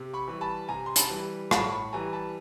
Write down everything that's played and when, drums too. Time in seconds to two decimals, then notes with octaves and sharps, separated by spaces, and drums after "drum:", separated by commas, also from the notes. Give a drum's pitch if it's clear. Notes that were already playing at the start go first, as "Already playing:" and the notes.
Already playing: C3
0.14 B5 C#6
0.28 E3 G3
0.41 A5 B5
0.68 C3 G#5 A#5
0.86 C6
0.96 A5 B5, drum: hi-hat
1.10 E3 G3
1.51 A2 A5 B5, drum: rim click
1.72 B5 C#6
1.93 E3 G3 G#5 A#5
2.13 A5 B5